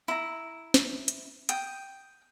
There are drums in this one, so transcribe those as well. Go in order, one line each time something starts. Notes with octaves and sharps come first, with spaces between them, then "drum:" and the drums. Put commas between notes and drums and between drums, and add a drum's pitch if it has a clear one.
E4 A#5
drum: snare
drum: hi-hat
G5 D#6, drum: hi-hat